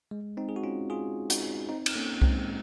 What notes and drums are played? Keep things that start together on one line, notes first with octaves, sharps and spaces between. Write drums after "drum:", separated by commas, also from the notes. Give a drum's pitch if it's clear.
G#3
C4 D#4
G#4
F#4
C#4 F4
F4 G#4
D#4 F#4, drum: hi-hat
C4 D#4
drum: cymbal
A#3 C#4
G#3 C4, drum: kick C2